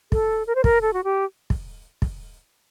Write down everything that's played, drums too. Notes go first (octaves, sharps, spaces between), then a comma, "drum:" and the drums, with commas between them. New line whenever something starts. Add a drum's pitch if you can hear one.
A4, drum: kick
A#4
C5
A#4, drum: kick
A4
F#4
G4
drum: kick
drum: kick